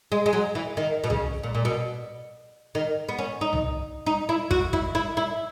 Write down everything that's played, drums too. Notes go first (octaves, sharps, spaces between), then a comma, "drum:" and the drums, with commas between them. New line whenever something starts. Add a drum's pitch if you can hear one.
G#3
G#3
F#3
E3
D#3
B2
C#3, drum: tom C2
A#2
A#2
B2
D#3
B3
C#4
D#4
drum: tom C2
D#4
E4
F#4, drum: kick
E4, drum: kick
E4
E4